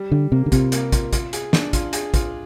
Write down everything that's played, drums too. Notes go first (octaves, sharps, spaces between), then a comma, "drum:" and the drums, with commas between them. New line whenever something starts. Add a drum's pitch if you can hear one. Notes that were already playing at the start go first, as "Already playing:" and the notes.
Already playing: G3
D3 G3
C3 A#3
D3
C3 F4, drum: kick, hi-hat
A#3, drum: hi-hat
F4, drum: kick, hi-hat
F4, drum: kick, hi-hat
G#4, drum: hi-hat
D4, drum: snare
F4, drum: kick, hi-hat
G#4, drum: hi-hat
F4, drum: kick, hi-hat